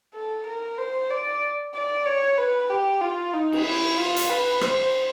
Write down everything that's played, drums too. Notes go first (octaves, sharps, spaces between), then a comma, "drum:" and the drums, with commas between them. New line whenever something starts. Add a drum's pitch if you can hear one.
A4
A#4
C5
D5
D5
C#5
B4
G4
F4
D#4
drum: cymbal
E4
F4
drum: hi-hat
B4
C5, drum: rim click